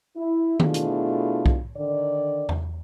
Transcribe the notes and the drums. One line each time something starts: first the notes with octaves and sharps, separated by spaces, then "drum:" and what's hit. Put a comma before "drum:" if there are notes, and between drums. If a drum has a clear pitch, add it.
E4
B2 A3 D4 E4 F4 G#4, drum: tom D#3
drum: hi-hat
drum: kick
D3 D#3 D5
drum: tom E2